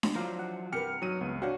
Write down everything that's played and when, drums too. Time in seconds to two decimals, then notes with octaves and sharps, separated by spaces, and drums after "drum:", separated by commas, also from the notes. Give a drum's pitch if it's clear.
0.03 drum: snare D4
0.15 F3 F#3 D4 E4 C5 F5 A#5
0.39 F#5
0.72 G2 C3 G4 A#4 B4 F6 C#7
1.02 F#3 D#4 F#4 D#7
1.21 C#2 B3
1.42 D4 F#4 G4 C#5 F5 F#5